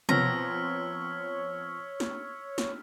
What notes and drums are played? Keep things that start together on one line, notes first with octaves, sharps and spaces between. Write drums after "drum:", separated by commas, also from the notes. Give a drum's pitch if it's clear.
F3 B3 C4 C#5 A#5 E6 F6 B6, drum: tom
drum: snare
drum: snare